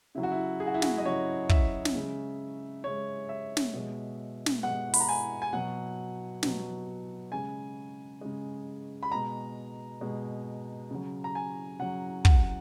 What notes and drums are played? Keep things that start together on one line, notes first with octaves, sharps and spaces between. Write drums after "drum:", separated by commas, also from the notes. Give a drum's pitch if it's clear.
C#3 F#3 E4
F#4
E4
G#4
F#4
E4
F#4, drum: snare
D#5
C#3 F#3 C#5
E5, drum: kick
drum: snare
C#3 G#3
C#3 G#3 C#5
E5
drum: snare
B2 G#3
drum: snare
B2 G#3 F#5
B5, drum: open hi-hat
A#5
G#5
G#5
B2 F#3 F#5
B2 F#3, drum: snare
C#3 G#3 G#5
C#3 G#3
B5
B2 G#3 A#5
B2 G#3
C#3 F#3
A#5
G#5
C#3 F#3 F#5
F#5, drum: kick